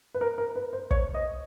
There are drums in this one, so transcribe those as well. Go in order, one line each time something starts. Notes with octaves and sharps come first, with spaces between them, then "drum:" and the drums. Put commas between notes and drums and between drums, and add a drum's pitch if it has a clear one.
B4
A#4
A#4
B4
C5
C#5, drum: kick
D#5